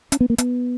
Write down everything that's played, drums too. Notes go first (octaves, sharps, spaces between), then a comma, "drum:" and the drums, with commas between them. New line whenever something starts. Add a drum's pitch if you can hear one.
C#4, drum: hi-hat
B3
A#3
B3, drum: hi-hat